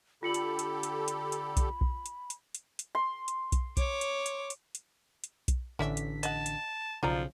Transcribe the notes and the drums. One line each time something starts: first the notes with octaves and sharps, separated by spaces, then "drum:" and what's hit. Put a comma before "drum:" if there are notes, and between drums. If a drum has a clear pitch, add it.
D3 F4 G4 A4 B5 C#7 F#7
drum: hi-hat
drum: hi-hat
drum: hi-hat
drum: hi-hat
drum: hi-hat
drum: kick B1, hi-hat
drum: kick B1
drum: hi-hat
drum: hi-hat
drum: hi-hat
drum: hi-hat
C6
drum: hi-hat
drum: kick B1, hi-hat
C#5 D6, drum: kick B1, hi-hat
drum: hi-hat
drum: hi-hat
drum: hi-hat
drum: hi-hat
drum: hi-hat
drum: kick B1, hi-hat
A1 D3 C#4 D5 E5 B6
drum: hi-hat
D#5 F#5 A5, drum: hi-hat
drum: hi-hat
B1 C#3 F3 F4 D5 A#5